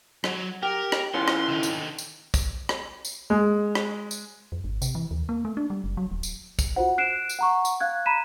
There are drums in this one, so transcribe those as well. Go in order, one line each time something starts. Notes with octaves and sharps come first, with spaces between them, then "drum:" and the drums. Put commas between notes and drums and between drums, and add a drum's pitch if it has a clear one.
F#3, drum: rim click
G4 A#4
drum: rim click
E3 C#4 F4 C6
drum: rim click
D3 D#3
drum: tambourine
drum: tambourine
drum: kick, tambourine
drum: rim click
drum: tambourine
G#3
drum: rim click
drum: tambourine
F2
G#1
C3, drum: tambourine
E3
D#2
A#3
A3
D4
G3
F#1
F#3
D#1
drum: tambourine
drum: kick, tambourine
F4 F#4 C5 F#5
F#6 C7 D7 E7
drum: tambourine
F#5 A#5 C#6
drum: tambourine
F5 F#6 G#6
A#5 B5 B6 D#7 E7